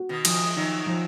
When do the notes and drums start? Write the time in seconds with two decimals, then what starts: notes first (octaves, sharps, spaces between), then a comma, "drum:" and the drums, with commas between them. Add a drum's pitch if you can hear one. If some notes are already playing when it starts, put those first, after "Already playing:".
Already playing: F#4
0.09 B2 D#3
0.25 F3, drum: cymbal
0.44 G#3
0.56 D#3 F#3 D#4
0.86 F3